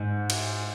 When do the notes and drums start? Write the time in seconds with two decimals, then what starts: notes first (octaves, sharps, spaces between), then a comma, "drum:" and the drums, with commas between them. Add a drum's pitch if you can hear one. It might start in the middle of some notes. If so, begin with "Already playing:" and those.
Already playing: G#2
0.30 drum: cymbal